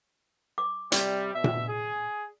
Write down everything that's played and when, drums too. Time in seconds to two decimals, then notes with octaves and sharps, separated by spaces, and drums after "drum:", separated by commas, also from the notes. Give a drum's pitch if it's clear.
0.58 D6
0.92 C3 G3 D5, drum: hi-hat
1.34 B2 E5
1.44 drum: tom A#2
1.67 G#4